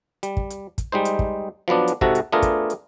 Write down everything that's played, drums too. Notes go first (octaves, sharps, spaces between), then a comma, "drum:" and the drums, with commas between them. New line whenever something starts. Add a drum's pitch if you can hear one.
G3, drum: hi-hat
drum: kick
drum: hi-hat
drum: kick, hi-hat
G3 G#3 D#4 C5
drum: hi-hat
drum: kick
F3 F#3 B3 D4
drum: hi-hat
G#2 C3 F#4 A4 F#5 A#5, drum: kick
drum: hi-hat
A3 B3 D4 F4 G#4 A#4
drum: kick, hi-hat
drum: hi-hat